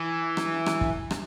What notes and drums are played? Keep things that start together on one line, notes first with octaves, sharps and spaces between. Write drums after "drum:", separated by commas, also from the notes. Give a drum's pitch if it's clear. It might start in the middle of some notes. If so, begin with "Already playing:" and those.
Already playing: E3
drum: rim click
drum: rim click
drum: kick
drum: rim click